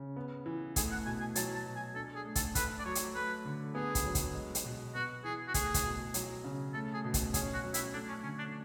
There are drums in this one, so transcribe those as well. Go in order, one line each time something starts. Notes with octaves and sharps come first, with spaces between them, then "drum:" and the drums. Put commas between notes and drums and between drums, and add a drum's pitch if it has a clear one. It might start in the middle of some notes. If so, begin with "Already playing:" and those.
Already playing: C#3
B3
E3
A3 G#4, drum: kick, hi-hat
F#5
B2 G#5
G#5
F#3 A5, drum: hi-hat
A5
B2
G#5
D4 A4
G#4
A3
A4, drum: kick, hi-hat
A3 B4, drum: kick, hi-hat
D5
F#3 C#5
drum: hi-hat
A3 B4
D3
B3 G#4
drum: kick, hi-hat
F#3
drum: kick, hi-hat
G#3
drum: hi-hat
B2
B3 F#4
E3 G#4
F#4
A3 G#4, drum: kick, hi-hat
drum: kick, hi-hat
B2
F#3, drum: hi-hat
C#3
A3 A4
G#4
B2
drum: kick, hi-hat
C#4 G#4, drum: kick, hi-hat
F#4
F#3
E4, drum: hi-hat
A3 D4
C#4
D3 C#4
D4